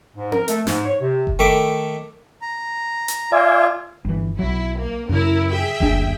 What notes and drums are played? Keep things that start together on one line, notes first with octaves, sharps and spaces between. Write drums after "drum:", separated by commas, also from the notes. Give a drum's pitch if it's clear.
G#2
A#4, drum: tom C4
A3, drum: hi-hat
G#2, drum: snare
C#5
C3
drum: kick F#1
D#3 A3 E5 D6
A#5
drum: hi-hat
F4 D5 E5 G#5
G1 E3
B1 F#3 E4
A#3
F#2 C#3 E4 A#4
G#4 E5 G5
F#1 D2 D4, drum: kick F#1